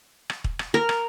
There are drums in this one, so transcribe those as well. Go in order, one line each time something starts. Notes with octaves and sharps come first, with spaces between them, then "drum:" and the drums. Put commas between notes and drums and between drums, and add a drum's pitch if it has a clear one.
drum: rim click
drum: kick
drum: rim click
A#4
drum: rim click